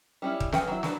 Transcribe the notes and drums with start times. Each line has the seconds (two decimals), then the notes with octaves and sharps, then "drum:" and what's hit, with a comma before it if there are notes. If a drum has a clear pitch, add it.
0.22 G3 C#4 E4
0.40 drum: kick D#1
0.52 C#4 G#4 B4 F#5 G5, drum: snare
0.68 F#3 E4
0.83 F#3 D4 B4, drum: snare